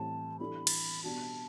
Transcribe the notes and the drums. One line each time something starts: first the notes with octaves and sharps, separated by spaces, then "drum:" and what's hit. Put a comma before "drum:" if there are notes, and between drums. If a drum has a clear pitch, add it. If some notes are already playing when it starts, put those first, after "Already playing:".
Already playing: A2 E3 G3 C4 G4 A5
E3 G3 D4 A4 B5
drum: cymbal
B2 G3 D4 F#4 A5